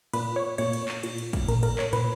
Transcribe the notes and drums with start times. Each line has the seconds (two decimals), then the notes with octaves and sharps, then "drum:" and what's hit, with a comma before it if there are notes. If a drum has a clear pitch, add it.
0.13 A#2 B4, drum: cymbal
0.36 C#5
0.58 A#2 C#5, drum: cymbal
0.73 drum: cymbal
0.88 drum: clap
1.03 A#2, drum: cymbal
1.18 drum: cymbal
1.33 drum: kick, cymbal
1.48 A#2 A#4, drum: cymbal
1.63 A#4, drum: cymbal
1.79 C#5, drum: clap
1.93 A#2 B4, drum: cymbal